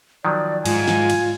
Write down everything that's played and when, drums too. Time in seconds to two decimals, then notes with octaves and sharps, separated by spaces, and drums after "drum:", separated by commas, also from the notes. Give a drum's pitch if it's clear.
0.25 D#3 F3 F#3 D5
0.66 G#2 F4 G#5, drum: cymbal
0.88 drum: snare
1.10 drum: cymbal